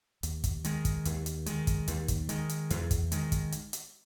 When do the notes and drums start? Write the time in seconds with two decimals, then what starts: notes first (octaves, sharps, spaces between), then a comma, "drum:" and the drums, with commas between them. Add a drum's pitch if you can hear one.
0.23 D#2, drum: hi-hat
0.44 drum: kick, hi-hat
0.64 D#3 G#3, drum: hi-hat
0.85 drum: kick, hi-hat
1.05 D#2, drum: hi-hat
1.26 drum: hi-hat
1.46 D#3 G#3, drum: hi-hat
1.67 drum: kick, hi-hat
1.88 D#2, drum: hi-hat
2.08 drum: kick, hi-hat
2.29 D#3 G#3, drum: hi-hat
2.49 drum: hi-hat
2.70 E2, drum: hi-hat
2.91 drum: kick, hi-hat
3.12 D#3 G#3, drum: hi-hat
3.32 drum: kick, hi-hat
3.52 drum: hi-hat
3.73 drum: hi-hat